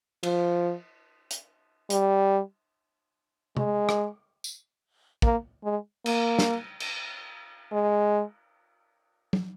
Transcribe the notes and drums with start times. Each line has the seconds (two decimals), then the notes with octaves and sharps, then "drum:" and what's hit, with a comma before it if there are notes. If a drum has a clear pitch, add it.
0.23 F3, drum: cymbal
1.31 drum: hi-hat
1.90 G3, drum: hi-hat
3.57 G#3, drum: tom
3.89 drum: rim click
4.44 drum: tambourine
5.22 A#3, drum: kick
5.64 G#3
6.06 A#3, drum: cymbal
6.39 drum: snare
6.80 drum: cymbal
7.72 G#3
9.33 drum: tom